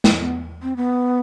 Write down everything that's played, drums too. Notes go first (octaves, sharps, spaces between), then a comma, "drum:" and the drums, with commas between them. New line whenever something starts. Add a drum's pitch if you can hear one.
drum: snare
B3
C4
B3